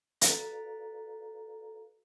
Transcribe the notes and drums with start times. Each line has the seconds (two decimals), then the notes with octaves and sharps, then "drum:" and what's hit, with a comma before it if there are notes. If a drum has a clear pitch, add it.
0.21 F#4 A4 B4 D5 F5 A#5, drum: hi-hat